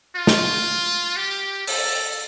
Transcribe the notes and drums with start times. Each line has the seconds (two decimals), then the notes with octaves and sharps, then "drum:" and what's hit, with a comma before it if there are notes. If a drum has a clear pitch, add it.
0.16 F4
0.27 drum: snare
1.17 G4
1.67 A4, drum: open hi-hat